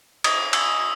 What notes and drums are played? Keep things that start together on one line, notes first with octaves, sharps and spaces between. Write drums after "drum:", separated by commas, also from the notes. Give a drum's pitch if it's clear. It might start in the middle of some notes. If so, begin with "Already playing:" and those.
D#6, drum: cymbal
E6, drum: cymbal